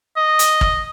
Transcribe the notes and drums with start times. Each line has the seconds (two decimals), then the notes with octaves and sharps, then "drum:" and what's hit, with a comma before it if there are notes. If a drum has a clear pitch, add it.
0.17 D#5
0.39 drum: hi-hat
0.61 drum: kick